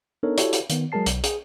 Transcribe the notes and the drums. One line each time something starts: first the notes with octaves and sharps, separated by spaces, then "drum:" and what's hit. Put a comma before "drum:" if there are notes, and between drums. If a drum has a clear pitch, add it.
B3 D4 D#4 A4 A#4 C#5
E4 F#4 G4 A4 C#5 D5, drum: hi-hat
drum: hi-hat
D#3 B3, drum: hi-hat
F#3 G#3 G#4 A#4 A5 C7
B1, drum: hi-hat
G#4, drum: hi-hat